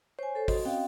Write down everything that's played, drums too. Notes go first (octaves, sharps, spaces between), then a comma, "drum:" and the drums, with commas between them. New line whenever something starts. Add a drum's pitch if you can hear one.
C5 C#5 G#5
A4 C5
F#4 D#5, drum: kick G#1, open hi-hat
C4 C#4 F#4 F5 G5